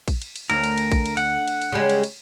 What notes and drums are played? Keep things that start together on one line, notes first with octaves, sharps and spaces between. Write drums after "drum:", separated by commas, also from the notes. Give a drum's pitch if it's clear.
drum: kick A#1, cymbal
drum: cymbal
drum: cymbal
D2 A#4, drum: cymbal
drum: cymbal
drum: cymbal
drum: kick A#1, cymbal
drum: cymbal
F#5, drum: cymbal
drum: cymbal
drum: cymbal
C#3 G3 G#3
drum: cymbal
drum: cymbal